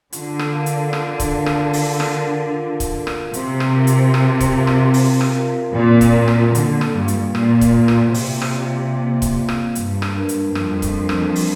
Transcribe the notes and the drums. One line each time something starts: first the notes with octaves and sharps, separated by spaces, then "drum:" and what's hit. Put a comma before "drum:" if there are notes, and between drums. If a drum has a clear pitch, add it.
D3 F4, drum: hi-hat
drum: rim click
A#4 F5
drum: hi-hat
F4, drum: rim click
drum: kick, hi-hat
A#4 F5
drum: rim click
F4, drum: open hi-hat
drum: rim click
A#4 F5
F4
drum: kick, hi-hat
A#4 F5
drum: rim click
C3 C4, drum: hi-hat
drum: rim click
F4 A#4 F5
drum: hi-hat
C4, drum: rim click
drum: kick, hi-hat
F4 A#4 F5
drum: rim click
C4, drum: open hi-hat
drum: rim click
F4 A#4 F5
A#2 C4
drum: kick, hi-hat
F4 A#4 F5
drum: rim click
D3 A#3, drum: hi-hat
drum: rim click
G2 F4 D5 F5
drum: hi-hat
A#2 A#3, drum: rim click
drum: kick, hi-hat
F4 D5 F5
drum: rim click
C3 A#3, drum: open hi-hat
drum: rim click
F4 D5 F5
A#3
drum: kick, hi-hat
F4 D5 F5
drum: rim click
G2 G3, drum: hi-hat
drum: rim click
D4 A#4
drum: hi-hat
F2 G3, drum: rim click
drum: kick, hi-hat
D4 A#4
drum: rim click
G3, drum: open hi-hat